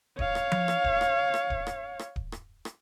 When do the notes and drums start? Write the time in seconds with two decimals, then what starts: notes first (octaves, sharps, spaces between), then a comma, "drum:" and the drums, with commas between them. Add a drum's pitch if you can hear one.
0.19 C#5 F5, drum: kick D1
0.35 drum: rim click
0.52 drum: tom F3
0.68 drum: rim click
0.84 drum: kick D1
1.01 drum: rim click
1.34 drum: rim click
1.50 drum: kick D1
1.67 drum: rim click
1.99 drum: rim click
2.16 drum: kick D1
2.32 drum: rim click
2.65 drum: rim click